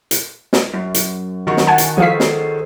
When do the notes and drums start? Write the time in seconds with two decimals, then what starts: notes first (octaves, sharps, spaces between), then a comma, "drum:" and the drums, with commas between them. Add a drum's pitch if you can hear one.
0.11 drum: hi-hat
0.53 drum: snare
0.74 F#2
0.94 drum: hi-hat
1.47 D#3 F#4 C#6
1.57 drum: snare
1.67 F#5 G#5 A5
1.78 drum: hi-hat
1.98 F3 G#4 A4 C5 F5 B6
2.20 drum: snare